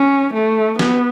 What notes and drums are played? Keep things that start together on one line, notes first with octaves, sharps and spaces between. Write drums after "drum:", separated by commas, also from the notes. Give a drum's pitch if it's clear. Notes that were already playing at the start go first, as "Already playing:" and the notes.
Already playing: C#4
A3
B3, drum: snare